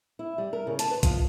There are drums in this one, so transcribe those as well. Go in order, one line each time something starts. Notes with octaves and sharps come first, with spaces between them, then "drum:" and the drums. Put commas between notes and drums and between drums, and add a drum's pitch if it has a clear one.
E4
G3
A#4
C#3
A5, drum: hi-hat
B4
F3, drum: kick, hi-hat